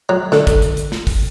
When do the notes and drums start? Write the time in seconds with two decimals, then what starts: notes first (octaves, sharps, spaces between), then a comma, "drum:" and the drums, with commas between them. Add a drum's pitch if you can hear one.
0.09 F#3
0.32 D3, drum: snare
0.47 drum: kick, hi-hat
0.62 drum: hi-hat
0.77 drum: hi-hat
0.92 drum: snare
1.07 drum: kick, open hi-hat